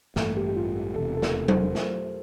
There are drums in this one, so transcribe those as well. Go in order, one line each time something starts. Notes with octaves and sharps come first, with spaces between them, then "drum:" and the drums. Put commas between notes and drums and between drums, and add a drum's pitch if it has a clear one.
A1 G2 E3 A#3 A4, drum: snare
G4
G4
F4
G4
E1 E2 C3 A4
A4
A#4, drum: snare
C5, drum: tom F#3
drum: snare